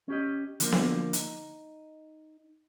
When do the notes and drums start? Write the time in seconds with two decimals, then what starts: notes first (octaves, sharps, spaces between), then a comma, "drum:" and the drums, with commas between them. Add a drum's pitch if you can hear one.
0.08 C#4 G4 D#5
0.60 D3 F3 A#3 D4, drum: hi-hat
0.72 drum: snare B3
1.13 D#4, drum: hi-hat